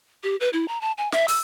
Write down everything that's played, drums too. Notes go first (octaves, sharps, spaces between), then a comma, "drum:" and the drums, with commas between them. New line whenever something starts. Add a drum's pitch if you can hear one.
G4
B4
E4
A#5
A5
G#5
E5, drum: snare
E6, drum: open hi-hat